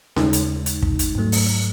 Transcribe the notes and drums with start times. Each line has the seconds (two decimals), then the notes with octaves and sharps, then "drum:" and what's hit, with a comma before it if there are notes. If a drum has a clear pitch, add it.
0.16 D#2 C#3 G#3 D#4, drum: snare C#4
0.33 drum: hi-hat
0.66 drum: hi-hat
0.82 drum: kick
0.99 drum: hi-hat
1.15 G#2 F#3 A3
1.32 drum: open hi-hat